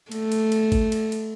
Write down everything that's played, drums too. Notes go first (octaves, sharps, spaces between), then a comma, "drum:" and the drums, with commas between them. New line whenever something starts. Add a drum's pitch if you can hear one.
A3, drum: cymbal
drum: cymbal
drum: cymbal
drum: kick G#1, cymbal
drum: cymbal
drum: cymbal